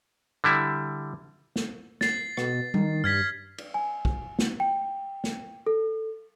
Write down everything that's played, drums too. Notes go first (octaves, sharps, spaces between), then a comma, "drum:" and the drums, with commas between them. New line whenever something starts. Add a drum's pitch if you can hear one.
D3 G3 E4
drum: snare
A6 C7, drum: snare
B2, drum: rim click
D#3, drum: tom G3
G2 F6 G#6 B6
drum: cymbal
G#5
drum: kick
drum: snare
G5
drum: snare
A4